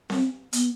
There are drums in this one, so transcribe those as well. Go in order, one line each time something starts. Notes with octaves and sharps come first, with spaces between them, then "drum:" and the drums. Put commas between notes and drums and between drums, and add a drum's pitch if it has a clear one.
C4, drum: snare C4
B3, drum: hi-hat